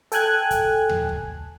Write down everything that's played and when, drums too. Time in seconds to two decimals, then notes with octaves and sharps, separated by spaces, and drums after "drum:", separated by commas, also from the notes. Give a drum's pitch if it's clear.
0.12 A4 G5 G#5 F#6 G#6, drum: hi-hat
0.51 drum: kick, hi-hat
0.89 drum: tom D#2
1.09 drum: kick